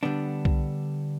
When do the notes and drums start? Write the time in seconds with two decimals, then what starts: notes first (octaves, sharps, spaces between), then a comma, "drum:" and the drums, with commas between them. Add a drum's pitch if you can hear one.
0.03 D3 G3 B3 D4
0.45 drum: kick B1